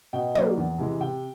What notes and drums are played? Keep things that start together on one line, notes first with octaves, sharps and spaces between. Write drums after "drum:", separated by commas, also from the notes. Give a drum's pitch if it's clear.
B2 G5
F#3 A#3 D4, drum: tom
E2
C3 E3 G#3
C3 G5